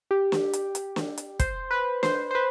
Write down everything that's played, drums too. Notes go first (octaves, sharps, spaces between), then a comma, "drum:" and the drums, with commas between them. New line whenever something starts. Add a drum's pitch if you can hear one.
G4
drum: snare
drum: hi-hat
drum: hi-hat
drum: snare
drum: hi-hat
C5, drum: kick, hi-hat
B4
C5, drum: snare
C5
B4